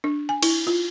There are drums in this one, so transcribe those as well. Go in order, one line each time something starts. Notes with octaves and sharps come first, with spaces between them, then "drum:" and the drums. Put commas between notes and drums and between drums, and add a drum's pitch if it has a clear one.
D4
G#5
E4, drum: cymbal
F4